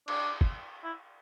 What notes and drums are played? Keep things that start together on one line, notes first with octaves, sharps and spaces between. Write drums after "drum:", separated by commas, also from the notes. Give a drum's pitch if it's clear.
D4, drum: cymbal
drum: kick
E4